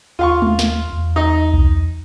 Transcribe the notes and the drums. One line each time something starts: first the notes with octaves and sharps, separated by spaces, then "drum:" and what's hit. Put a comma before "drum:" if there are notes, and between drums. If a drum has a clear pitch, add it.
D#2 F4 F5 C#6
drum: tom G#3
drum: snare
E2
D#4 D#5
drum: kick C2